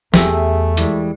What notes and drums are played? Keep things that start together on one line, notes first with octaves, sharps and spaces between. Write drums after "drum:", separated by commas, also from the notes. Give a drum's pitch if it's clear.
E2 A3 G4 G#4 E5, drum: snare
E3 G3 G#3, drum: hi-hat